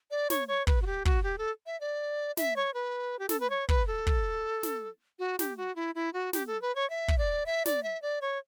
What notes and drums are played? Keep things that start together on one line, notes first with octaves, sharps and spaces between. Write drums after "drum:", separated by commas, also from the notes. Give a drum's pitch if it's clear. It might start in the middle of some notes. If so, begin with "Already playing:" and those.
D5
C#5, drum: snare
C#5
B4, drum: kick
F#4
G4
F#4, drum: kick
G4
A4
E5
D5
E5, drum: snare
C#5
B4
G4
A4, drum: snare
B4
C#5
B4, drum: kick
A4
drum: kick
drum: snare
F#4
G4, drum: snare
F#4
E4
E4
F#4
G4, drum: snare
A4
B4
C#5
E5
drum: kick
D5
E5
D5, drum: snare
E5
D5
C#5